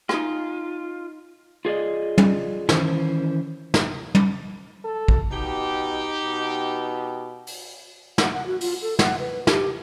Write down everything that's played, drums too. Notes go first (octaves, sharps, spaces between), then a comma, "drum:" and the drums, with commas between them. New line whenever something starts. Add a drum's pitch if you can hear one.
D#4 F4 G#5, drum: rim click
F4 G#4 D5 D#5
drum: tom
D#3 E3 C#4 C5, drum: snare
drum: snare
drum: tom
A4
drum: kick
B2 D#4 G4
B2
drum: open hi-hat
F#5, drum: snare
F#5
F#4
F4, drum: open hi-hat
A4
F#5, drum: snare
B4
G4, drum: snare